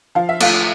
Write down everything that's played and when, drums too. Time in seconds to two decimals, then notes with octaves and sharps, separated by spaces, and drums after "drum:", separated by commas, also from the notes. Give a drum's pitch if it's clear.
0.15 F3 F5
0.29 E5
0.40 A3 F4 F5, drum: cymbal